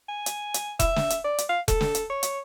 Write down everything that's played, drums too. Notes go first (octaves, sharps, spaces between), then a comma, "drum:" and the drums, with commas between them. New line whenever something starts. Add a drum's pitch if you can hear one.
G#5
drum: hi-hat
drum: hi-hat
E5, drum: kick E1, hi-hat
drum: snare
drum: hi-hat
D5
drum: hi-hat
F5
A4, drum: kick E1, hi-hat
drum: snare
drum: hi-hat
C#5
drum: hi-hat